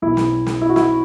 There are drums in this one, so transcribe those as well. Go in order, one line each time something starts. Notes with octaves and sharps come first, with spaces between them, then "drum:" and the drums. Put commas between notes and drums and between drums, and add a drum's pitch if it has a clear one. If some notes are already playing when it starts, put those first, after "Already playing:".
B1 B2 E4
drum: snare
drum: snare
E4
F#4
E4, drum: snare